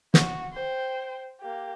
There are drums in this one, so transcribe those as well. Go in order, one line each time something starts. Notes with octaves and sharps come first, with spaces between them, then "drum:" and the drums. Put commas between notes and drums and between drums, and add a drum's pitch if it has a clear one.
F#4, drum: snare
C5 G5
A#3 G4